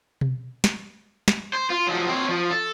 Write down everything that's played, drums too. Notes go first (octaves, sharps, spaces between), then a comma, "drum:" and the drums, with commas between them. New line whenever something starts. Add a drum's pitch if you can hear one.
drum: tom B2
drum: snare
drum: snare
C5
F4
F3 F#3
C4 C#5
F3
A4